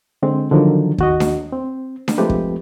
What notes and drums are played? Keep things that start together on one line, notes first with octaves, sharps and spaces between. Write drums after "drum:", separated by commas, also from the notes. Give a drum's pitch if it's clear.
D3 G#3 C4
D3 D#3 F3 F#3 A#4
D#2 F#4 D#5, drum: kick
drum: snare D4
C4
drum: snare D4
F3 G#3 A3 C4 G4 B4
drum: kick